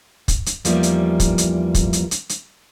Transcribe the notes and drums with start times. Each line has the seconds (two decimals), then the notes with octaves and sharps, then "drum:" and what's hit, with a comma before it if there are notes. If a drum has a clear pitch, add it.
0.28 drum: kick, hi-hat
0.46 drum: hi-hat
0.65 E2 F3 G3 A#3 D#4 E5, drum: hi-hat
0.83 drum: hi-hat
1.20 drum: kick, hi-hat
1.38 drum: hi-hat
1.75 drum: kick, hi-hat
1.93 drum: hi-hat
2.11 drum: hi-hat
2.29 drum: hi-hat